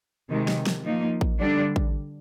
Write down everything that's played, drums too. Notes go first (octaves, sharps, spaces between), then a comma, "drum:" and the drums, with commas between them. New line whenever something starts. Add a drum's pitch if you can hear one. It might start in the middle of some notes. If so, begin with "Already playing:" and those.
C3 D#3 G#3
drum: snare
drum: snare
F3 A#3 D#4
drum: kick A1
D3 G3 D4
drum: kick A1